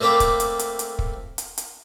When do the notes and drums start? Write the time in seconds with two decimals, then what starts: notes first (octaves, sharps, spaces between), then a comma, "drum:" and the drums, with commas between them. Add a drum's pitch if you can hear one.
0.01 A3 A#3 C4 B5 D6
0.20 drum: kick, hi-hat
0.40 drum: hi-hat
0.59 drum: hi-hat
0.79 drum: hi-hat
0.99 drum: kick
1.38 drum: hi-hat
1.58 drum: hi-hat